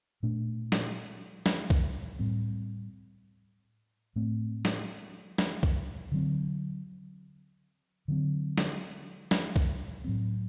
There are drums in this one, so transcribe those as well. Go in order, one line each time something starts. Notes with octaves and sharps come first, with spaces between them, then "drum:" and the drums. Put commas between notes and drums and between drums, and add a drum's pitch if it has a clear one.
A#2 A3 D4
drum: snare
drum: snare
drum: kick C2
A2 G3 C4
A2 A3 C4
drum: snare
drum: snare
drum: kick C2
D3 F#3 C4
D3 F#3 C4
drum: snare
drum: snare
drum: kick C2
A2 F#3 C4